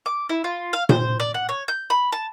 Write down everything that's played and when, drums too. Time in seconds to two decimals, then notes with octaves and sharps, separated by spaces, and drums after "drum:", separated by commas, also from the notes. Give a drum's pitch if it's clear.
0.06 D6
0.29 E4
0.44 F4
0.73 F5
0.89 C5, drum: tom A#2
1.20 D5
1.34 F#5
1.49 C#5
1.68 G6
1.90 B5
2.12 A5